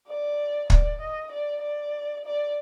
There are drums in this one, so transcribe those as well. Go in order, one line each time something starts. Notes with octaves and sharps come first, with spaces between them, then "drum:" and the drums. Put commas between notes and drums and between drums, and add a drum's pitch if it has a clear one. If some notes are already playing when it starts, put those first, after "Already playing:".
D5
D5, drum: kick
D#5
D5
D5
D5